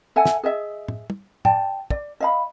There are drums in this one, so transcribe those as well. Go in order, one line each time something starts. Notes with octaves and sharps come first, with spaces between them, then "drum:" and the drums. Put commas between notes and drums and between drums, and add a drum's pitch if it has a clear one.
A4 E5 F#5 G#5
drum: snare
G#4 D#5 E5
drum: tom
drum: tom
D5 G5 A5, drum: tom
D5, drum: kick
D#5 F5 B5